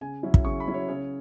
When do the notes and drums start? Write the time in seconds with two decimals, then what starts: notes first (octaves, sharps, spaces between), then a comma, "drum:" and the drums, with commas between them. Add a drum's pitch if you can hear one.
0.01 C#3 G#5
0.23 F#3 C#4 E4
0.34 drum: kick
0.45 C#3 C#6
0.60 B5
0.67 F#3 C#4 E4
0.74 C#5
0.89 C#3 C#5